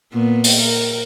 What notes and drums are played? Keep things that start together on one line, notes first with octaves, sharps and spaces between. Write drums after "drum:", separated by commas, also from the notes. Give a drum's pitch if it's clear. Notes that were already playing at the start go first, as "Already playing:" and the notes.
A#2 A#3 B3
drum: open hi-hat
A#4